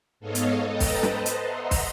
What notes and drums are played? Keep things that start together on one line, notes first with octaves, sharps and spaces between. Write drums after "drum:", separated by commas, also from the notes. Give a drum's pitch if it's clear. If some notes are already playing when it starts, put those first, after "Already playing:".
G#2 B3 A4 C#5 D#5 F5
drum: hi-hat
A4 B4 D#5 G5 A5 A#5
drum: kick, open hi-hat
B4 C5 D#5 A5, drum: snare
drum: hi-hat
D#5 E5 F#5 A#5 C6
drum: kick, open hi-hat